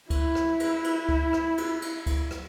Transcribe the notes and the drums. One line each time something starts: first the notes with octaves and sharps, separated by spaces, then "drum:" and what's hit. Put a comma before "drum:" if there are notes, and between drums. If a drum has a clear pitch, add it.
E4, drum: kick C#2, cymbal
drum: rim click
drum: cymbal
drum: cymbal
drum: kick C#2
drum: rim click
drum: cymbal
drum: cymbal
drum: kick C#2, cymbal
drum: rim click